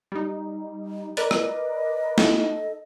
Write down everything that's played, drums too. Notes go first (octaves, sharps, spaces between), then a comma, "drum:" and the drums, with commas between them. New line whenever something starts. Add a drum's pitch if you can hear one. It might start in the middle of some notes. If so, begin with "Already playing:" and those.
G3 D#4
A#4 B4 D5 D#5, drum: hi-hat
drum: rim click
D#4 A4, drum: snare A3